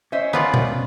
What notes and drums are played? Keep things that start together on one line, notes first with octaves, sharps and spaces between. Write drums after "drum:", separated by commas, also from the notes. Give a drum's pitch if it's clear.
C#4 C5 D#5 E5
B3 F4 D5
drum: tom B2